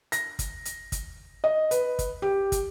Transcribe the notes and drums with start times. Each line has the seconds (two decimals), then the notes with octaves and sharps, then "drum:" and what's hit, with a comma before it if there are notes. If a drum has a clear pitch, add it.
0.12 A#6, drum: hi-hat
0.39 drum: kick, hi-hat
0.65 drum: hi-hat
0.92 drum: kick, hi-hat
1.44 D#5
1.71 B4, drum: hi-hat
1.99 drum: kick, hi-hat
2.22 G4
2.52 drum: kick, hi-hat